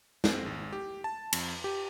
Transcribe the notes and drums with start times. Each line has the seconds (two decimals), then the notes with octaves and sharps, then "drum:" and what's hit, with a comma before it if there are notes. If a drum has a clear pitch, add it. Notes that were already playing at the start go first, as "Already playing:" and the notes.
0.24 C4, drum: snare
0.46 G#1
0.72 G4
1.04 A5
1.33 F2, drum: cymbal
1.64 G4